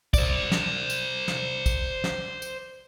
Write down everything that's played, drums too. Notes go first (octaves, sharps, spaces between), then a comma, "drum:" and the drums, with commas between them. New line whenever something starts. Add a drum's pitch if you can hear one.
C5 D5, drum: kick, tambourine
drum: snare
drum: tambourine
drum: snare
drum: kick, tambourine
drum: snare
drum: tambourine